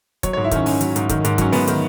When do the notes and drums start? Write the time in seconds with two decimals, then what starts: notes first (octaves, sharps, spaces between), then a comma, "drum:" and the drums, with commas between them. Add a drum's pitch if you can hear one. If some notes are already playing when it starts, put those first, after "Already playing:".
0.23 F#3 C#5, drum: kick, hi-hat
0.33 G#2 C#5
0.44 E4
0.51 D#3 C#4, drum: kick, hi-hat
0.66 G#2 C#4, drum: open hi-hat
0.81 F#3, drum: hi-hat
0.96 G#2, drum: hi-hat
1.09 D#3, drum: kick, hi-hat
1.25 G#2, drum: hi-hat
1.38 F#3 C#4, drum: kick, hi-hat
1.52 G#2 B3, drum: open hi-hat
1.67 D#3, drum: hi-hat